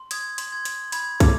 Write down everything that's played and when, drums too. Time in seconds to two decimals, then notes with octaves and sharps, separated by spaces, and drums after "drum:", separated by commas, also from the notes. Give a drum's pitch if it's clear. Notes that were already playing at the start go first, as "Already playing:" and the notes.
Already playing: C6
0.11 D#6 G#6, drum: hi-hat
0.38 C6, drum: hi-hat
0.52 G#6
0.65 C6, drum: hi-hat
0.92 B5 G#6, drum: hi-hat
1.20 D6, drum: kick, hi-hat